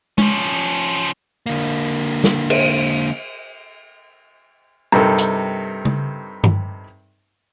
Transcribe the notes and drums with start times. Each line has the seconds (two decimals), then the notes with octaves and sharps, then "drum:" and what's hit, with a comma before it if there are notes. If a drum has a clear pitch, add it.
0.18 F3 C#4, drum: tom G#3
1.46 D3 A#3
2.24 drum: snare
2.50 drum: cymbal
4.92 G2 C3 D#4 A4 A#4
5.18 drum: hi-hat
5.85 drum: tom C#3
6.44 drum: tom G2